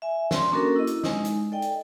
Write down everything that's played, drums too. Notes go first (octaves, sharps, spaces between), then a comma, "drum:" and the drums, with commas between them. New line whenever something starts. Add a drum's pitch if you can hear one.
E5 G#5
D5 C6, drum: snare
A#3 C#4 D4 F#4 A4 A#4
E4 D#5
drum: hi-hat
G#3 D#4, drum: snare
drum: hi-hat
A4 D5 D#5 G5
drum: hi-hat